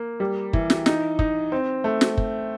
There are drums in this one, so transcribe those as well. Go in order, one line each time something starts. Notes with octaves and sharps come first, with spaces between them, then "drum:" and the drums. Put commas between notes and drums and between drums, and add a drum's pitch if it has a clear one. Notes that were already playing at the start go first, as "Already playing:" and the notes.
Already playing: A#3
G3
E3, drum: kick
drum: snare
D#4, drum: snare
D#4, drum: kick
C4
A3
drum: snare
drum: kick